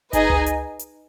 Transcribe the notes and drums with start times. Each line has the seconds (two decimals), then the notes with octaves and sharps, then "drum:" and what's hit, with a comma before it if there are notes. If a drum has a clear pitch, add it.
0.13 D#4 G#4 B4 D#5 G#5, drum: kick G1, hi-hat
0.30 drum: tom C#2
0.46 drum: hi-hat
0.79 drum: hi-hat